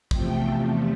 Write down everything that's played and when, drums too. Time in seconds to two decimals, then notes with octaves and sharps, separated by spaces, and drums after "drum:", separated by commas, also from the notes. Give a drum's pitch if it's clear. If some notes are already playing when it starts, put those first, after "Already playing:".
0.11 E2 C3 F3 A3 G5, drum: kick